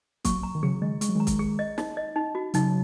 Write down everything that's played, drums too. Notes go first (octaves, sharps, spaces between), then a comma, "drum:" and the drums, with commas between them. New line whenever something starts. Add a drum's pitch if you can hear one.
F#3 A#3 C#6, drum: kick, hi-hat
A#5
D#3
C#3 F#3 G#4
D#3 G#3 D#5
G#3 C#6, drum: hi-hat
F#3
D#3 G#3 A#5
drum: kick, hi-hat
G#4
D#5
D#4, drum: snare
D#5
D#4
F#4
C#3 F#3 D#4, drum: hi-hat